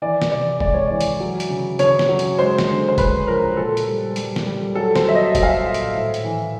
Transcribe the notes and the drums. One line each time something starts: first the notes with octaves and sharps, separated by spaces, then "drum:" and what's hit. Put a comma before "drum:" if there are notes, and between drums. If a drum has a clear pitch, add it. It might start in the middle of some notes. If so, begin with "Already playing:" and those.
E3 D5
drum: snare
C3 D5
G#3 D5, drum: kick
C#5
E3 D5
drum: hi-hat
F#3
drum: hi-hat
C#3
C#3 C#5, drum: hi-hat
drum: snare
F#3
drum: hi-hat
G#3 C5
drum: snare
D3
C5
D3 B4, drum: kick, hi-hat
F3 A#4
A#2 A4
drum: hi-hat
G3
G3, drum: hi-hat
drum: snare
G3
F#3 A4
C5, drum: snare
F#3 E5
D#5
F#3 E5, drum: kick, hi-hat
F5
E5
A#2
drum: hi-hat
A2
drum: hi-hat
E3